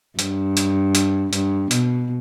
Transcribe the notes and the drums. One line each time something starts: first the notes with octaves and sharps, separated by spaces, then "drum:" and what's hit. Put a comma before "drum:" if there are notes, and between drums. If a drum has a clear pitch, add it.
G2, drum: hi-hat
drum: hi-hat
drum: hi-hat
G2, drum: hi-hat
B2, drum: hi-hat